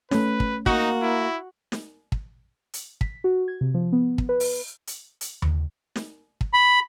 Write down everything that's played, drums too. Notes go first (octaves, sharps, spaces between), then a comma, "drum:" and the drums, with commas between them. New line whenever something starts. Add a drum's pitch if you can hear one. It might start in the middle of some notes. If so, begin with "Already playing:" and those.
A3 C#4 B4, drum: snare
drum: kick
A#3 D#4 F#4, drum: kick
E4
drum: snare
drum: kick
drum: hi-hat
B6, drum: kick
F#4
G#6
C3
F3
B3
drum: kick
B4
drum: open hi-hat
drum: hi-hat
drum: hi-hat
drum: tom D#2
drum: snare
drum: kick
B5